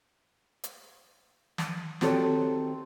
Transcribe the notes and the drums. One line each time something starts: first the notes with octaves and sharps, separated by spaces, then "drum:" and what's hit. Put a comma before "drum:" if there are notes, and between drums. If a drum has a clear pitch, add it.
drum: hi-hat
drum: snare
D#3 C4 F#4 G4 A4 C#5, drum: snare